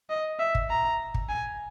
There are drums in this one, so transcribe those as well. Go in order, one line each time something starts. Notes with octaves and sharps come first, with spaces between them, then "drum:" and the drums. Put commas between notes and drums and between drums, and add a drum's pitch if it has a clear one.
D#5
E5
drum: kick
A#5
drum: kick
G#5